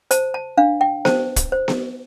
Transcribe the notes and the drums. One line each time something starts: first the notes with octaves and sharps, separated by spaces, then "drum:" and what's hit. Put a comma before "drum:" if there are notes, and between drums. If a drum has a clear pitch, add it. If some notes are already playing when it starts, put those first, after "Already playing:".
C5 A5, drum: hi-hat
A5
D4 F5
G5
C5 A5, drum: snare B3
drum: kick, hi-hat
C5
drum: snare B3